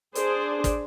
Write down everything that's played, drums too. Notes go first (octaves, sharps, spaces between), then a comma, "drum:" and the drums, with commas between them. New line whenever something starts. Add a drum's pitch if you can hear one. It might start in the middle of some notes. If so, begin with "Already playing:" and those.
D4 G#4 C5 D5, drum: hi-hat
drum: kick, hi-hat